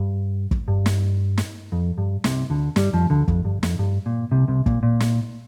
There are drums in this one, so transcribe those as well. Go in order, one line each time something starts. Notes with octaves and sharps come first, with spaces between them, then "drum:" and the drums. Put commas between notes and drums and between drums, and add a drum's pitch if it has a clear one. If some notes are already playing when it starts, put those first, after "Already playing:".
Already playing: G2
drum: kick
G2
drum: snare
drum: snare
F2
G2
C2 C3, drum: snare
D2 D3
G2 G3, drum: snare
F2 F3
D2 D3
F2, drum: kick
G2
F2, drum: snare
G2
A#2
C2 C3
C2 C3
A#2, drum: kick
A#2
drum: snare